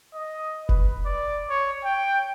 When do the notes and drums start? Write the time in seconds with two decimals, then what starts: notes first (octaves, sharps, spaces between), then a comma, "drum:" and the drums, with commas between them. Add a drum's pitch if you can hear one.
0.14 D#5
0.69 B4, drum: kick F1
1.06 D5
1.50 C#5
1.84 G5